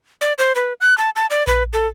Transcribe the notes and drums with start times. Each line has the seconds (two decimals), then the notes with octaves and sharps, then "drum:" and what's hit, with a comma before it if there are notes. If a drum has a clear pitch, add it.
0.21 D5
0.38 C5
0.56 B4
0.81 F#6
0.98 A5
1.16 A5
1.30 D5
1.47 B4, drum: kick A#1
1.73 A4